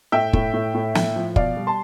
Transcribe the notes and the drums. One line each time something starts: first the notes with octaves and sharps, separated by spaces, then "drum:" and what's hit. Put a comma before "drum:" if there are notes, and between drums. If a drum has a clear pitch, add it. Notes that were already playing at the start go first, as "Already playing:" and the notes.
A2 E5 G5
A2, drum: kick
A2
A2
A2, drum: snare
F3
B2 D5 F5, drum: kick
G3
A5 C6